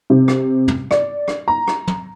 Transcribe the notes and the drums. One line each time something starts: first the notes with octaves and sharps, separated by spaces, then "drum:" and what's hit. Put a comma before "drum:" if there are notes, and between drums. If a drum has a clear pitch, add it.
C3
drum: rim click
drum: tom
D5, drum: rim click
drum: rim click
A#5
drum: rim click
drum: tom